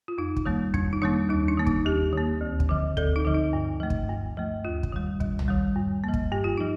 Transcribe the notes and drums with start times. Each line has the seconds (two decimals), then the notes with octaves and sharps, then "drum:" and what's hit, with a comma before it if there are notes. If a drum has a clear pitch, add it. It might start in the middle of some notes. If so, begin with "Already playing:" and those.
0.08 F4
0.18 F2 D#4
0.36 drum: kick
0.45 D#3 G3 A#3
0.74 F2 D4, drum: kick
0.93 D#4
1.02 D#3 G3 A#3 D4
1.29 D#2 D#4
1.48 D4
1.57 D#3 A#3
1.67 D#4, drum: kick
1.86 D#2 G4
2.13 D#3 A#3
2.41 D2
2.60 drum: kick
2.69 D3 F3
2.97 D2 A4, drum: kick
3.16 D#4
3.25 D3 F3
3.34 D#4
3.53 G2
3.80 F3 A3
3.90 drum: kick
4.09 G2
4.37 F3 A3
4.65 D#2 F4
4.83 drum: kick
4.92 D#3 G3
5.20 D#2, drum: kick
5.39 drum: tom A#1
5.48 D#3 G3
5.76 G2
6.04 F3 A#3
6.14 drum: kick
6.32 G2 G4
6.44 F4
6.58 F3 D#4